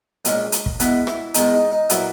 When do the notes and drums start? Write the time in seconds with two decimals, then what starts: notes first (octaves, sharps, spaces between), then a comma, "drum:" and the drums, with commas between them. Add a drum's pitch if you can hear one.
0.25 A#1 A#2 G#3 C#4, drum: hi-hat
0.52 drum: hi-hat
0.66 drum: kick
0.80 G#2 E3 B3 B4, drum: hi-hat
1.07 E4, drum: rim click
1.34 E2 D#3 G#3 D#4, drum: hi-hat
1.54 D#4
1.72 D#4
1.90 A#2 F#3 B3 E4, drum: hi-hat